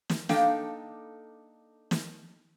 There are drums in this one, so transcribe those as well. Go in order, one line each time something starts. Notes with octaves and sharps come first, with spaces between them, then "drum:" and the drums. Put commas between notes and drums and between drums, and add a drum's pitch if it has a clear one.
drum: snare
A#3 D4 D#4 A4 F5 G5, drum: snare
drum: snare